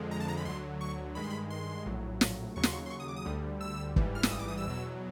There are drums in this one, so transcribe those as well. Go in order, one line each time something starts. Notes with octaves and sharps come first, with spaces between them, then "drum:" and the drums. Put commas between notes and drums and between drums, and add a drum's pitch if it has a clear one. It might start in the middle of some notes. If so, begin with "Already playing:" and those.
Already playing: F2 D3 F3 G#3
A#5
A5
A#5
B5
D2 D3 F#3 C6
C#6
G2 D#3 G#3 B5
C6
B5
C6
A#1 A2 F#3
drum: snare
D#2 C#3 F#3 C#6
C6, drum: snare
C#6
C6
C#6
D#6
D6
D#6
D2 D3 G3
E6
A1 G#2 E3 G3, drum: kick
F6
E6, drum: snare
D#6
D6
D#6
E6
E2 B2 F#3